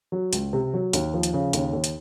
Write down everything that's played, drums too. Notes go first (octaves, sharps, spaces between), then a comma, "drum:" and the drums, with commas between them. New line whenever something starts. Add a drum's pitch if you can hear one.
F#3
C#2, drum: hi-hat
C3
F#3
D#2, drum: hi-hat
F3
drum: hi-hat
C#3
D#2, drum: hi-hat
D#2
drum: hi-hat